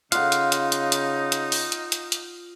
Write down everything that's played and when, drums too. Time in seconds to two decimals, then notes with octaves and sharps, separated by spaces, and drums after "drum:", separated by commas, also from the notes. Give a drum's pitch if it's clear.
0.12 C#3 D#4 F4 F5 F#5, drum: hi-hat
0.32 drum: hi-hat
0.52 drum: hi-hat
0.72 drum: hi-hat
0.92 drum: hi-hat
1.32 drum: hi-hat
1.52 drum: open hi-hat
1.72 drum: hi-hat
1.92 drum: hi-hat
2.12 drum: hi-hat